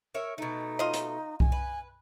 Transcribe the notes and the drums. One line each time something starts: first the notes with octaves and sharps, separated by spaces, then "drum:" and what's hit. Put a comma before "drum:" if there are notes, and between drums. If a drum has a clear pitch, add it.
A#4 C#5 E5
B2 A3 D#4
F4 D#5
drum: hi-hat
G#5, drum: kick C2
B4